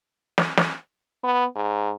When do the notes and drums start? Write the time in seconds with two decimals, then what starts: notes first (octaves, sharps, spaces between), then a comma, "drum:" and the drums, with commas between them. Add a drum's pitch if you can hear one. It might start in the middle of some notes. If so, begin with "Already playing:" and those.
0.38 drum: snare
0.57 drum: snare
1.24 B3
1.56 G#2